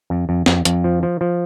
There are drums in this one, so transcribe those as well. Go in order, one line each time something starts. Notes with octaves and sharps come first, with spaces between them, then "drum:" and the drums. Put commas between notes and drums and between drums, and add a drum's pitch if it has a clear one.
F2
F2
F2, drum: snare
F2, drum: hi-hat
F3
F3
F3